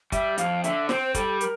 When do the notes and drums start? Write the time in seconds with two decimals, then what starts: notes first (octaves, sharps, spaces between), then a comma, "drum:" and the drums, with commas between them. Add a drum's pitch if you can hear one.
0.12 G3 E5, drum: kick, hi-hat
0.38 F2 F5, drum: hi-hat
0.64 D3 E5, drum: hi-hat
0.89 C4 C5, drum: snare
1.15 G3 A4, drum: kick, hi-hat
1.41 A#4, drum: hi-hat